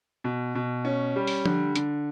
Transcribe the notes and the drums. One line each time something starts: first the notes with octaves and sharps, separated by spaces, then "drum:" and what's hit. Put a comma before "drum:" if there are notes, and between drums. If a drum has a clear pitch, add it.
B2
B2
C#4
G3
drum: open hi-hat
D3, drum: tom F3
D3, drum: hi-hat